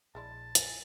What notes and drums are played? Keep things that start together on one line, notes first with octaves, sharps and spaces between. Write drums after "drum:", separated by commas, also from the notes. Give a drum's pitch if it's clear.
A#1 G#3 E4 D5 A5
G#5, drum: hi-hat